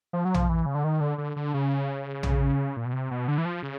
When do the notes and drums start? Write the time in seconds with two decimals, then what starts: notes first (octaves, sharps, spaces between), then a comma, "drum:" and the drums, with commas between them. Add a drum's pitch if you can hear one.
0.13 F3
0.25 F#3
0.34 F3, drum: tom A#1
0.49 E3
0.66 C#3
0.75 D3
0.84 D#3
1.01 D3
1.18 D3
1.36 D3
1.54 C#3
2.23 drum: tom A#1
2.77 A#2
2.85 B2
2.93 C3
3.11 B2
3.28 D3
3.38 E3
3.45 F3
3.63 C#3